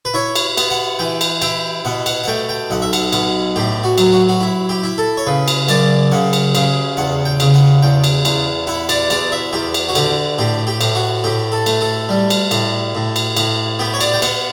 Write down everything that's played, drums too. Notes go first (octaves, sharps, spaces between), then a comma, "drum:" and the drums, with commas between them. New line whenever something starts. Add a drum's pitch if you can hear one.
B4
E4 C#5
drum: cymbal
B3, drum: cymbal
F#5
E3 G5
drum: cymbal
E4 G5, drum: cymbal
B2 F#5
F#5, drum: cymbal
F#5
A3 G5
G5
B1 F#5
E5
F#5, drum: cymbal
B2, drum: cymbal
A2 G4
F#4
F#3, drum: cymbal
F#4
F#4
E4
G4
E4
A4
C#5
C#3 B4
drum: cymbal
F#2 D5, drum: cymbal
C#3 F#5
drum: cymbal
C#3, drum: cymbal
E2 F#5
G5
C#3, drum: cymbal
F#5
E2 G5
drum: cymbal
E2, drum: cymbal
E4 F#5
D5, drum: cymbal
E2 D5, drum: cymbal
E5
E2 G4
drum: cymbal
F#4
D3 G4, drum: cymbal
A2 G4
G4
A2, drum: cymbal
F#4
A2 G4
A4
A3, drum: cymbal
A4
G3
drum: cymbal
A2, drum: cymbal
A2
drum: cymbal
A2, drum: cymbal
B3 G4
C#5
D5, drum: cymbal
G5
B3 F#5, drum: cymbal